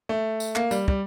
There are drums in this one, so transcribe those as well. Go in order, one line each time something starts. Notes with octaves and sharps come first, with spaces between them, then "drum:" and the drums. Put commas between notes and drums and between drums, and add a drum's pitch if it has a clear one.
A3
drum: tambourine
A#3, drum: clap
G3, drum: tambourine
G3, drum: kick